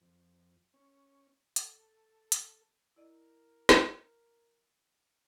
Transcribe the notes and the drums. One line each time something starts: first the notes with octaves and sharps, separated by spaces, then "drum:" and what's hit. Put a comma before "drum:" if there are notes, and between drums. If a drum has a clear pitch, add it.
F2
C#4
A4, drum: hi-hat
drum: hi-hat
E4 A#4 D5 D#5
drum: snare